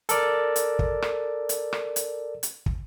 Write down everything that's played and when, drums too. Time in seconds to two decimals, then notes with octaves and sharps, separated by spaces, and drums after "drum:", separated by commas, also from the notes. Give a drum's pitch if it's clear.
0.09 A4 A#4 D5, drum: hi-hat
0.56 drum: hi-hat
0.79 drum: kick
1.02 drum: rim click
1.49 drum: hi-hat
1.73 drum: rim click
1.96 drum: hi-hat
2.43 drum: hi-hat
2.66 drum: kick